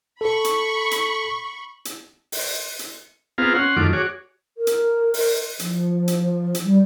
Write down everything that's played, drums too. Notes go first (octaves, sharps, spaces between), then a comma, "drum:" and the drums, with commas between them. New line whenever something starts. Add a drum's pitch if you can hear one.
A4 B5 C#6
drum: hi-hat
drum: hi-hat
drum: hi-hat
drum: open hi-hat
drum: hi-hat
B3 C4 F4 G#4 F5 A#5
C#4 F#5 C6
F#2 D#3 A3 F4 D6
F#4 G#4 C#5 D6
A#4
drum: hi-hat
drum: open hi-hat
F3, drum: hi-hat
drum: hi-hat
drum: hi-hat
G3